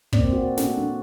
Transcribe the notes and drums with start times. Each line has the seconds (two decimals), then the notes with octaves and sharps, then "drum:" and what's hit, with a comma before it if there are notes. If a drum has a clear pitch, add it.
0.13 A#2 A#3 C4 D5, drum: kick
0.33 F#4
0.57 F#4 A4, drum: snare
0.77 D4